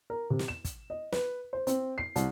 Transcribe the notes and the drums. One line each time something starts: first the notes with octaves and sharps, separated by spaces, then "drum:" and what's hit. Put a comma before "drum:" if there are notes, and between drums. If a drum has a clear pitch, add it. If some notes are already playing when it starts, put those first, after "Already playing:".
A#4
C3
drum: snare
E7
drum: kick, hi-hat
D#5
B4, drum: snare
C5
C4, drum: hi-hat
C7
C2, drum: hi-hat